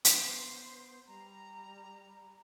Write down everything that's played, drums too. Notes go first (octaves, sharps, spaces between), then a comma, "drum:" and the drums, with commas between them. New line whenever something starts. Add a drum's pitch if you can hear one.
B3 C5, drum: hi-hat
G3 A#5